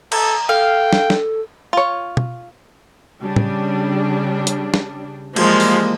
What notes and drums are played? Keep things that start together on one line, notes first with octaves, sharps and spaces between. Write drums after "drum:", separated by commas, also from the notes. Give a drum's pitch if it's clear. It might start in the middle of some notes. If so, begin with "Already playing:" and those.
A4 A#5, drum: cymbal
A4 F5 G5
drum: snare
drum: snare
F4 C#5
drum: tom
C#3 G3 D4
drum: tom
drum: hi-hat
drum: snare
E3 F3 G3 G#3 A#3, drum: cymbal
drum: open hi-hat